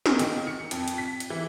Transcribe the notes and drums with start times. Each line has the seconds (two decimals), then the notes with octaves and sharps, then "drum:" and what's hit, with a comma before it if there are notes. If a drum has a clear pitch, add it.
0.06 drum: snare
0.19 D#3, drum: hi-hat
0.47 C#7
0.71 F2, drum: hi-hat
0.88 drum: hi-hat
0.98 B6
1.20 drum: hi-hat
1.30 E3